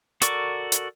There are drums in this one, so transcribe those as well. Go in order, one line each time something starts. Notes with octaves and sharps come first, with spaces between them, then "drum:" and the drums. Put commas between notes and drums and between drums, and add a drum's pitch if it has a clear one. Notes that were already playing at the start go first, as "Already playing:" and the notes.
F#4 A4 A#4 D5 C#6, drum: hi-hat
drum: hi-hat